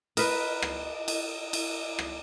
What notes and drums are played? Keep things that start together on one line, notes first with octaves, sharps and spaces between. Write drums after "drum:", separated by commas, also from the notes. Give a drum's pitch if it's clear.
A#4 B4 D#5, drum: cymbal
drum: rim click
drum: cymbal
drum: cymbal
drum: rim click